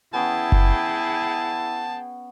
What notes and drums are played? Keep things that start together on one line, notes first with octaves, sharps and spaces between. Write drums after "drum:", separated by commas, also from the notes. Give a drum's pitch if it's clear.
B3 C#4 E4 G#4 G5 A5
drum: kick F#1